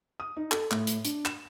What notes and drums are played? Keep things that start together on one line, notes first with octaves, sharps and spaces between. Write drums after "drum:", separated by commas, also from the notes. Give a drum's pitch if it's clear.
D#6
D#4
A4, drum: clap
A2, drum: clap
drum: hi-hat
D4, drum: hi-hat
E7, drum: clap